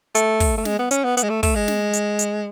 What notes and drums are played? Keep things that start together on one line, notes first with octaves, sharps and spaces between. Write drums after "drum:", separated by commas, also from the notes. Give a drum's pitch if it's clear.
A3, drum: hi-hat
drum: kick, open hi-hat
A3
G#3, drum: snare
B3
C#4, drum: hi-hat
B3
B3, drum: hi-hat
G#3
A3
A3, drum: kick, open hi-hat
G#3
drum: snare
drum: hi-hat
drum: hi-hat